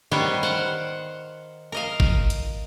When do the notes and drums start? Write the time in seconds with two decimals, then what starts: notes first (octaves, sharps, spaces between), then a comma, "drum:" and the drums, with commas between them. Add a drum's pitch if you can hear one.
0.11 D#3 G3 B3 G4 C5 C#5
0.43 C5 F5 F#5
1.72 A#4 D#5 F5
2.00 drum: kick
2.30 drum: hi-hat